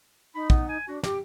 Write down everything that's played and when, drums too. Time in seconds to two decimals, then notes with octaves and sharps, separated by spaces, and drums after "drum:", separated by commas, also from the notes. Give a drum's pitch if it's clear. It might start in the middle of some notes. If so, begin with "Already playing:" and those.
0.35 D#4 B5
0.50 B3, drum: kick
0.69 G#5
0.88 D4 F#4
1.04 G4 D6, drum: snare